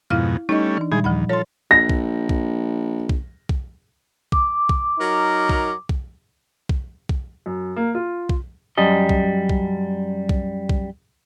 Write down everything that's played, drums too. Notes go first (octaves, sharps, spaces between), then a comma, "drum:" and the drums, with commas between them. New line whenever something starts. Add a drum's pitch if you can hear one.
F2 G#2 B2 E4 F5 F6
G3 A3 C#4 D#4 D#5
E3 D4
A#2 D#3 G3 G#3 G#4
D#2 F3 F#5 B5
F4 A4 C#5 C6
A#1 A#6
drum: kick B1
drum: kick B1
drum: kick B1
drum: kick B1
D6, drum: kick B1
drum: kick B1
F#3 D#4 A#4
drum: kick B1
drum: kick B1
drum: kick B1
drum: kick B1
F#2
A#3
F4
drum: kick B1
F#2 G3 D#5
drum: kick B1
drum: kick B1
drum: kick B1
drum: kick B1